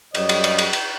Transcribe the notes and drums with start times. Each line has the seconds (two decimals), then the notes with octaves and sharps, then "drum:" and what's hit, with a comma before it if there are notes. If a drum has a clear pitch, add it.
0.15 F#2 G3 C#5 D#5, drum: cymbal
0.29 drum: cymbal
0.44 drum: cymbal
0.58 drum: cymbal
0.73 drum: cymbal